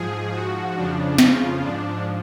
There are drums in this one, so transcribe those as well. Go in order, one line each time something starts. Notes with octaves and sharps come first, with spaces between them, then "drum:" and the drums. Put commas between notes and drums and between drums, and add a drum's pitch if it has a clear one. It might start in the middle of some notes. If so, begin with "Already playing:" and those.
Already playing: G#2 F3 G#4
F#4
F2 C#3 F3 D4
F4, drum: snare
G#2 F3 D4